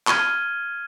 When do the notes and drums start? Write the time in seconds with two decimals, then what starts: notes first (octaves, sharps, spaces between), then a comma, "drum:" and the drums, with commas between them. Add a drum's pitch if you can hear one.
0.07 F6 G#6 D#7 G7, drum: clap